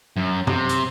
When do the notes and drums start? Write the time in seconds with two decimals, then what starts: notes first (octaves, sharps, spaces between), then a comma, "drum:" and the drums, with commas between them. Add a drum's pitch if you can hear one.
0.17 F#2
0.47 C3, drum: tom F#2
0.69 drum: hi-hat